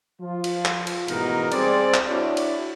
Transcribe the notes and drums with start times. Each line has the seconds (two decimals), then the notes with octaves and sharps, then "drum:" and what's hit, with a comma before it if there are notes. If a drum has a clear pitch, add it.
0.21 F3 F4
0.44 drum: cymbal
0.65 drum: clap
0.87 drum: cymbal
1.08 A1 G#2 B2 E3 D#4 A#4, drum: cymbal
1.52 G3 C4 G#4 C5 D5, drum: cymbal
1.94 drum: clap
2.09 D4 E4 F#4 C#5 D5
2.37 drum: cymbal